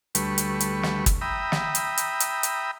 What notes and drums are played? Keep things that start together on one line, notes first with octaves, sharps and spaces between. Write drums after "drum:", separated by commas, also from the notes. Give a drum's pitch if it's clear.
D2 G3 A3 B4 C#6, drum: hi-hat
drum: hi-hat
drum: hi-hat
drum: snare
drum: kick, hi-hat
E5 G5 A#5 B5 D#6
drum: snare
drum: hi-hat
drum: hi-hat
drum: hi-hat
drum: hi-hat